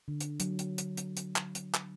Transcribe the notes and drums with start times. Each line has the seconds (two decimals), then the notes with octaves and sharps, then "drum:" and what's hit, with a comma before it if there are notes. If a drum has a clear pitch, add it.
0.08 D3
0.20 drum: hi-hat
0.40 F#3, drum: hi-hat
0.59 drum: hi-hat
0.78 drum: hi-hat
0.97 drum: hi-hat
1.17 drum: hi-hat
1.36 drum: clap
1.55 drum: hi-hat
1.74 drum: clap